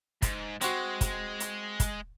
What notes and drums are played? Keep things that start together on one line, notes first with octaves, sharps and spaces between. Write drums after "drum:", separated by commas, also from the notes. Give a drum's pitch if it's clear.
G#2, drum: kick, hi-hat
G#3 C4 F#4, drum: hi-hat
drum: kick, hi-hat
drum: hi-hat
drum: kick, hi-hat